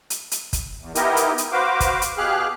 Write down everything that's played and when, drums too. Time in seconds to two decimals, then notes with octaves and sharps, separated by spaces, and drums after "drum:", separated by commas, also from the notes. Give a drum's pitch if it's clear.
0.10 drum: hi-hat
0.32 drum: hi-hat
0.53 drum: kick, hi-hat
0.81 E2
0.95 B3 D#4 E4 G4 A#4 D#5, drum: hi-hat
1.17 drum: hi-hat
1.38 drum: hi-hat
1.52 F#4 B4 C5 F5 D6
1.80 drum: kick, hi-hat
2.02 drum: hi-hat
2.18 B2 G4 G#4 F5 F6 F#6